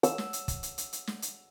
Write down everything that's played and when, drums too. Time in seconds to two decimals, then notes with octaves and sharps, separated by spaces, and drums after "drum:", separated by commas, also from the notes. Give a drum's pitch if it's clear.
0.03 E6, drum: hi-hat
0.18 drum: snare
0.33 drum: hi-hat
0.48 drum: kick, hi-hat
0.63 drum: hi-hat
0.78 drum: hi-hat
0.93 drum: hi-hat
1.07 drum: snare
1.22 drum: hi-hat